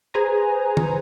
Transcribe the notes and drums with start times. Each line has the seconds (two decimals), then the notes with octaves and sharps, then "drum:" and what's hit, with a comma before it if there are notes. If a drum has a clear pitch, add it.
0.14 G#4 B4 C5 G#5 A#5
0.77 drum: tom